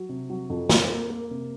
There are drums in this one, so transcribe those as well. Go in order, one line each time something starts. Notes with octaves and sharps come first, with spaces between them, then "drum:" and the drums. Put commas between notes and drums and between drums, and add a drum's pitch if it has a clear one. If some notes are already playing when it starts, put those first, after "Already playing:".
Already playing: F#3
C3
F#3
F2
F2, drum: snare
A#3
A#3
C3